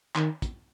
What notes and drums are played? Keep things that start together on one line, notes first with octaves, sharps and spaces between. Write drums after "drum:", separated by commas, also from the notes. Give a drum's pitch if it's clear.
D#3, drum: clap
drum: kick, hi-hat